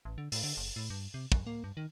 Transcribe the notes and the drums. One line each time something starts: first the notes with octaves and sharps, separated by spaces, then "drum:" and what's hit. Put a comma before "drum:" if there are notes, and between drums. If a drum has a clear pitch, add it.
A1
D3
A2, drum: open hi-hat
D3
F#1
A2
G2
C3
F#2, drum: kick
A#3
G2
D#3